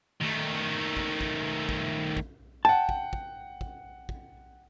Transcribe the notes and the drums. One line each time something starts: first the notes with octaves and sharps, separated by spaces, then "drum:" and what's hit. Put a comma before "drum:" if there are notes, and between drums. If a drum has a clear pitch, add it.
D#3 A3
drum: kick
drum: kick
drum: kick
drum: kick
F#5 G5 A5
drum: kick
drum: kick
drum: kick
drum: kick